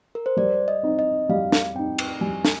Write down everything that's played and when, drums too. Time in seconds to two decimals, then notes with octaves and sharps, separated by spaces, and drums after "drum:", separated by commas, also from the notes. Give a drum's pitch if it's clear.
0.15 A#4
0.26 C5
0.37 G3 D5
0.68 D#5
0.83 C4 D#4
0.99 D#5
1.29 G3 F5
1.52 drum: snare
1.75 C4 D#4 G5
1.98 drum: cymbal
2.21 G3 G#5
2.45 drum: snare